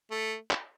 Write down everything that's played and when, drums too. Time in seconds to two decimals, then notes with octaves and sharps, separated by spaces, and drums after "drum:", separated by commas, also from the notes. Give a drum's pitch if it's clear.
0.11 A3
0.51 drum: clap